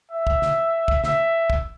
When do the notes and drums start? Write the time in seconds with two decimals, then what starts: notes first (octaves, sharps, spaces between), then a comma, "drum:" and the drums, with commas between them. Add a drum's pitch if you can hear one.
0.11 E5
0.27 drum: kick
0.42 drum: snare
0.88 drum: kick
1.04 E5, drum: snare
1.50 drum: kick